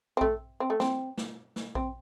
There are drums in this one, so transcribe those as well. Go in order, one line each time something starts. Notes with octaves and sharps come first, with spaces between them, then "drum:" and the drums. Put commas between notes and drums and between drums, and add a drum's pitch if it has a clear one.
C4
A3, drum: kick A#1
C4
A3
C4, drum: snare
drum: snare
drum: snare
C4, drum: kick A#1